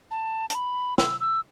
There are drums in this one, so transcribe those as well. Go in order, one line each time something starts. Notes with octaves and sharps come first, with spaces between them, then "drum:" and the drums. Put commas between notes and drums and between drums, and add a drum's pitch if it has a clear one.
A5
A5, drum: hi-hat
B5
E6, drum: snare
E6